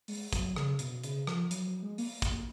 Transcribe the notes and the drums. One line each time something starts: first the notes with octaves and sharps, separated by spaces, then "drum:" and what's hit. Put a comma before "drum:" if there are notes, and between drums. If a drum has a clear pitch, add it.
G#3, drum: open hi-hat
F#3, drum: kick, hi-hat
C#3, drum: rim click
B2, drum: hi-hat
C#3, drum: hi-hat
F3, drum: rim click
F#3, drum: hi-hat
F#3
G#3
A#3, drum: open hi-hat
drum: kick, hi-hat